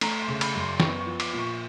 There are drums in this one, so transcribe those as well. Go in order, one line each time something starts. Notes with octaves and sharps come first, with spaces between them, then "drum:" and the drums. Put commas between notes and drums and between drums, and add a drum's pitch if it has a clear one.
A3 A#5, drum: cymbal
C6
C#3
B5, drum: cymbal
F#2
C6
B3 C#6, drum: snare
C#6
F3
D6, drum: cymbal
A#2
C#6